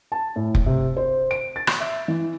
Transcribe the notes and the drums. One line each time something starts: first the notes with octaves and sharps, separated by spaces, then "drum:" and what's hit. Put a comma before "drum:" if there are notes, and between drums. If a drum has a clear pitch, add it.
A5
A2
drum: kick F1
C3
C5
D7
A6
drum: rim click
E5
E3